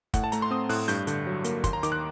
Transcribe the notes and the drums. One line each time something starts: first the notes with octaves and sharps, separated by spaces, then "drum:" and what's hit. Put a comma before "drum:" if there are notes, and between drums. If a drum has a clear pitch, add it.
A2 F#5, drum: kick, hi-hat
A5
A3 A#5, drum: hi-hat
C6
C4 D#6
A2 F#6, drum: open hi-hat
G2 G6, drum: hi-hat
D3, drum: hi-hat
F#3
A#3, drum: hi-hat
D#2 C6, drum: kick, hi-hat
A#5
D#3 D6, drum: hi-hat
F#6